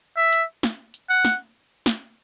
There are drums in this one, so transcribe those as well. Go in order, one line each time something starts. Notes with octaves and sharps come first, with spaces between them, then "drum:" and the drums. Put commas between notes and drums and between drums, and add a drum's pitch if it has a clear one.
E5
drum: hi-hat
drum: snare
drum: hi-hat
F#5
drum: snare
drum: snare